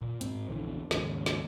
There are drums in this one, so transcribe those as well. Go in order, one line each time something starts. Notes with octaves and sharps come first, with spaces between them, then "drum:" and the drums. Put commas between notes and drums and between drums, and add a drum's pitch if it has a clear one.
A#2
G#2 C4, drum: hi-hat
A#1 E2 D3 E3
D#2 G#2 C#3, drum: snare
drum: snare